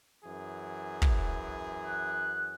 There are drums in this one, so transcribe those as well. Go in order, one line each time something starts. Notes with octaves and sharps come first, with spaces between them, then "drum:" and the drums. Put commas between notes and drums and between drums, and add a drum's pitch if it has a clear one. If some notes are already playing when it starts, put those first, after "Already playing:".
F#2 E3 G#4
drum: kick
F#6